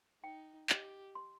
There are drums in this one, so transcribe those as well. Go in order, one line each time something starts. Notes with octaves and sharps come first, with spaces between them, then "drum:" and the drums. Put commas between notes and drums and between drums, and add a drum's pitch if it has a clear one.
D#4 G5
G4 D#5, drum: clap
C6